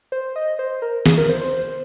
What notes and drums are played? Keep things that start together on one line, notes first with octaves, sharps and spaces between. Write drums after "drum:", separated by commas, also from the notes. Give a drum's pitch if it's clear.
C5
D#5
C5
A#4
G#4, drum: snare
A#4
C5
C5
C5